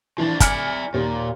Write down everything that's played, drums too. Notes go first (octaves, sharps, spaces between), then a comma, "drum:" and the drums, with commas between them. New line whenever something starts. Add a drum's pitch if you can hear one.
E3 F3 D4
E4 D5 G#5 F6 C#7, drum: kick G1, hi-hat
D#2 A#2